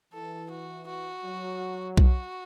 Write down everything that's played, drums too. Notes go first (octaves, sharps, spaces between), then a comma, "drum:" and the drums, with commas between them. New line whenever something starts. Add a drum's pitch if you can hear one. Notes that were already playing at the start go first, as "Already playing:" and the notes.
E3 A4
F#4
F#4
F#3
F#4, drum: kick B1